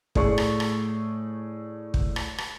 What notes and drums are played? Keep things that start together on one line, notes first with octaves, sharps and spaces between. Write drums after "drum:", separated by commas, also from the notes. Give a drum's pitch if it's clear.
A2 A3 G#4 D5 C#6 C#7, drum: kick
drum: rim click
drum: rim click
drum: kick
drum: rim click
drum: rim click